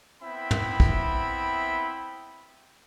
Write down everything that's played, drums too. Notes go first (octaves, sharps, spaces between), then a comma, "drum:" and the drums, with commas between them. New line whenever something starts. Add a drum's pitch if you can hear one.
B3 C4 E4 E5 G5 B5
drum: tom
drum: kick